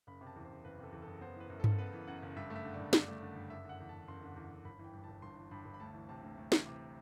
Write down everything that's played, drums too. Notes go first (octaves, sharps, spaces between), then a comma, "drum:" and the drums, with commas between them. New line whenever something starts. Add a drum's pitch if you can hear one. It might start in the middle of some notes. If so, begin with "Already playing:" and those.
F#1 B5
C3
A5
E2
C5
F#1
F#1 B4
C3 A4
E2
A4
F#1
B3 C5
E3 B4
F#2
A4
F#1, drum: tom G2
A4
B3 B4
E3
F#2 F#5
F#1
G2 E5
A3
E5
D3
D5
G2
G2 D5, drum: snare
A3
D3
G2
F#1 E5
D3 F#5
E2
F#1 A5
F#1 C6
D3
E2
F#1
G1 B5
E3 G5
G2
G1 A5
G1 C6
E3
G2 B5
G1
B5
D2 A5
E3
C3 A5
D2
D2
E3, drum: snare
C3